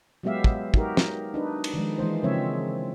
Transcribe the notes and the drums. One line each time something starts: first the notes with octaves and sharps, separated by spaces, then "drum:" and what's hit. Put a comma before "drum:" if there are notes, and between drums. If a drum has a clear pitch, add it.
F#3 G#3 B3 G4 E5 F5
drum: kick
D#4 F#4 G4 A#4, drum: kick
drum: snare
D4 D#4 B4
drum: cymbal
D#3 F3 G#3
E3 G#3 A#3 C5
C#3 F3 G#3 C4 C#5 E5